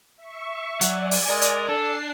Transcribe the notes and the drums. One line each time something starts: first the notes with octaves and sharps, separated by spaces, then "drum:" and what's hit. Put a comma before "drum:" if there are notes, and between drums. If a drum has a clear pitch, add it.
E5 C#6
F#3 D5 F#5 G#5, drum: hi-hat
drum: open hi-hat
G#3 A#4
drum: hi-hat
D4 A4 A5 C7